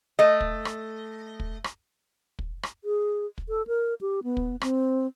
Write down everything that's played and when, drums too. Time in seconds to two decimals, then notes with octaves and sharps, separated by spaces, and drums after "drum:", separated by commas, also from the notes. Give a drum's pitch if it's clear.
0.19 A3 D#5
0.41 drum: kick
0.65 drum: rim click
1.40 drum: kick
1.64 drum: rim click
2.39 drum: kick
2.63 drum: rim click
2.84 G#4
3.38 drum: kick
3.49 A4
3.67 A#4
4.01 G4
4.24 B3
4.37 drum: kick
4.61 C4, drum: rim click